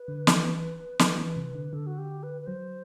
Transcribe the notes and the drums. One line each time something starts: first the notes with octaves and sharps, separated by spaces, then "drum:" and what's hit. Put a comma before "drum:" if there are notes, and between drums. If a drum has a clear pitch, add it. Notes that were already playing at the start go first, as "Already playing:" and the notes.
Already playing: B4
D3
E3, drum: snare
F#3, drum: snare
E3
C3
D3
D3 A4
F#4
G4
B4
B4
F#3 C5